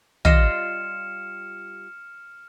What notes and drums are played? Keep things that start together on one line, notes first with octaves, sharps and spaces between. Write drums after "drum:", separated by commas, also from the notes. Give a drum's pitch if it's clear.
G3 F4 D#5 F6 C#7 E7, drum: tom